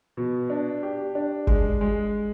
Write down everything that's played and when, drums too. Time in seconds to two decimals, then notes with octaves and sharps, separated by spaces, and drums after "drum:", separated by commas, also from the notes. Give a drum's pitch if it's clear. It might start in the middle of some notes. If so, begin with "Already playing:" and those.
0.17 B2
0.50 D4
0.83 G4
1.15 D4
1.47 G#3, drum: kick
1.81 G#3